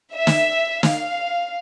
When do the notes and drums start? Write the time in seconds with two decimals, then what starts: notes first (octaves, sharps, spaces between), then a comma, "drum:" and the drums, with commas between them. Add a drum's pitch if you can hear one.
0.13 E5
0.27 drum: snare
0.83 F5, drum: snare